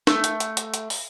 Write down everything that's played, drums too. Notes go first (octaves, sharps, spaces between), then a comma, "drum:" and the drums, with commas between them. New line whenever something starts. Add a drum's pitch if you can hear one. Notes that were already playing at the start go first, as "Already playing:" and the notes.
A3, drum: snare
drum: hi-hat
drum: hi-hat
drum: hi-hat
drum: hi-hat
drum: open hi-hat